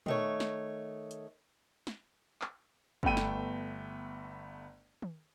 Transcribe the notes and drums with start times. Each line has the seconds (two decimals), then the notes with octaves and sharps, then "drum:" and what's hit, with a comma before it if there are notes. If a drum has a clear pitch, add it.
0.06 D#3 A3 C#5, drum: tom A#2
0.40 drum: snare
1.11 drum: hi-hat
1.87 drum: snare
2.42 drum: clap
3.03 G1 A3 B3 G5 D#7, drum: kick
3.17 drum: snare
5.02 drum: tom